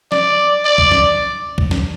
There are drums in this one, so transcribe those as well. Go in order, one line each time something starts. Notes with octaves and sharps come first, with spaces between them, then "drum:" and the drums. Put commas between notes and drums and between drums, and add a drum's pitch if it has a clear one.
D5, drum: snare
D5
drum: kick C2
drum: snare
drum: kick C2
drum: snare